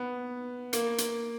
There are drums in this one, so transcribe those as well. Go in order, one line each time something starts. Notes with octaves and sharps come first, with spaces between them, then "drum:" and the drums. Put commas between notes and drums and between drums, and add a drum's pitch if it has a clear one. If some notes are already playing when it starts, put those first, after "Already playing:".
Already playing: B3
A#3, drum: hi-hat
drum: hi-hat